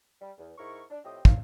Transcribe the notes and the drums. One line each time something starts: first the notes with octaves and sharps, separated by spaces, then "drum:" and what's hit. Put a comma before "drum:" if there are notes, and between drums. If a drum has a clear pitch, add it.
G3
E2
G#2 E4 A#4 C#6
D4
A2 F3 C4 G4 D#5 D#6
F5, drum: kick